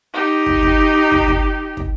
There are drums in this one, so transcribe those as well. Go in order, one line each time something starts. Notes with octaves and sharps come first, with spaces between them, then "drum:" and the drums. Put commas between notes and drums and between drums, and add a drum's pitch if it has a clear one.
D#4 G4
drum: kick
drum: kick
drum: kick
drum: kick
drum: kick